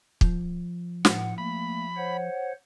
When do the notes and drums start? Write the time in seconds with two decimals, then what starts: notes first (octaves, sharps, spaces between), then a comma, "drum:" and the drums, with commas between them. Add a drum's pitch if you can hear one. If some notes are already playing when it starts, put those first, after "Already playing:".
0.21 F3, drum: kick
1.05 A2 F#5, drum: snare
1.38 A3 A#3 B5
1.97 C5 C#5 F#5